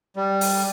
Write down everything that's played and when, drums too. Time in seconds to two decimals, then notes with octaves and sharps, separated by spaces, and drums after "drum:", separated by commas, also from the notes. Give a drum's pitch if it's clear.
0.16 G3
0.41 drum: open hi-hat